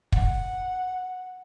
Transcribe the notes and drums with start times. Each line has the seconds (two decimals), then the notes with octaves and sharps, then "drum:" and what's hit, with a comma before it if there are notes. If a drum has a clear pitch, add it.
0.12 F#5, drum: kick